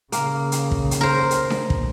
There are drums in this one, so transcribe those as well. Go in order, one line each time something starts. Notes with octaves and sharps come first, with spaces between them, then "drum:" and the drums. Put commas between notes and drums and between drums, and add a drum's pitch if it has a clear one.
C#3 A#3, drum: hi-hat
drum: hi-hat
drum: kick
drum: hi-hat
A#4 C5
drum: hi-hat
drum: snare D4
drum: kick